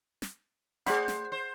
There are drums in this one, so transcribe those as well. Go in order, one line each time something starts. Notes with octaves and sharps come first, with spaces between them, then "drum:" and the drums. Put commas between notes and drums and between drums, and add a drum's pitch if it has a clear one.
drum: snare
A3 G#4 C5 D5 F#5 B5, drum: snare
drum: snare
C5